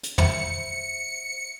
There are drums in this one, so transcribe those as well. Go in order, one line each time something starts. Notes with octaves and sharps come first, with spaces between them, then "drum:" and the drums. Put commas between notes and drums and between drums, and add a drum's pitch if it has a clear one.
drum: hi-hat
C5 E5 C#7, drum: tom